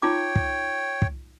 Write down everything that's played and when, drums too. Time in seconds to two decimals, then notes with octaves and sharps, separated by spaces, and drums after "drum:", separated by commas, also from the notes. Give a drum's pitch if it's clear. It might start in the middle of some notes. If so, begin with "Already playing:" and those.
0.02 D#4 F4 C#5 G5 D6
0.36 drum: kick
1.02 drum: kick